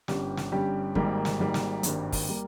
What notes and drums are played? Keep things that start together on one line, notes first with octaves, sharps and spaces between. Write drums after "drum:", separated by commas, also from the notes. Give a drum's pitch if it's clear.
G1 G2 G3 C#4 G4, drum: snare
drum: snare
G1 G2 G3 C#4 G4
G#1 G#2 G3 A#3, drum: kick
drum: snare
G#1 G#2 G3 A#3
drum: snare
G#1 G2 G3 A#3, drum: hi-hat
drum: kick, open hi-hat
G3 A#3